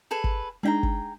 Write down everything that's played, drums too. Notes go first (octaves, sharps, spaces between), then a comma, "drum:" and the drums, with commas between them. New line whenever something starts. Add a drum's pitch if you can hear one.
G#4 A4 B4
drum: kick G1
G#3 D4 D#4 G#4 G5 A#5
drum: kick G1